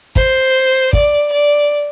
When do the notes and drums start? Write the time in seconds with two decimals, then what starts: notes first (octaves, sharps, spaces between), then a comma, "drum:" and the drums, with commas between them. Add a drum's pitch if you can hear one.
0.16 C5, drum: kick
0.93 D5, drum: kick
1.32 D5